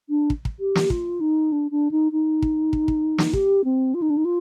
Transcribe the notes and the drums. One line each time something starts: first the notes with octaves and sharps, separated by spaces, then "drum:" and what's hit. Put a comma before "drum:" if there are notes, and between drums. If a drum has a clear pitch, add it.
D4
drum: kick
drum: kick
G4
drum: snare
F4, drum: kick
D#4
D4
D4
D#4
D#4
drum: kick
drum: kick
drum: kick
drum: snare
G4, drum: kick
C4
F4
D#4
D4
D#4
F4